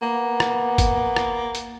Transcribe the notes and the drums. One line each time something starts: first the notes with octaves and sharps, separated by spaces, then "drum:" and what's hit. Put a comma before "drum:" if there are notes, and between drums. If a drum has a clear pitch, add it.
A#3 B3
drum: rim click
drum: kick F#1, hi-hat
drum: rim click
drum: hi-hat